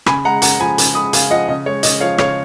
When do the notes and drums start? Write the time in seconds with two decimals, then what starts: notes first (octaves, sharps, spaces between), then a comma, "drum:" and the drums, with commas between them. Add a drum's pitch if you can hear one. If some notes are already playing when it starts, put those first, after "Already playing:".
0.06 C#3 G#5 B5, drum: rim click
0.25 G#3 F#5 A#5
0.42 C#3 F#5 A#5, drum: hi-hat
0.60 F3 G#5 B5
0.78 C#3, drum: hi-hat
0.95 G#3 B5 D#6
1.13 C#3 F5 G#5, drum: hi-hat
1.30 F3 D#5 F#5
1.48 C#3 D#5
1.66 G#3 C#5
1.83 C#3 D#5, drum: hi-hat
2.01 F3 C#5 F5
2.18 C#3 C#5 F5, drum: rim click